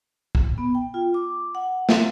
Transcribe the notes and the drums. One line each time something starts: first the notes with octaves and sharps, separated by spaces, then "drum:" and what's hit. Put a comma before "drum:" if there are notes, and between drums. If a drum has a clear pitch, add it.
drum: kick
B3
G5
F4
D6
F#5
F5, drum: snare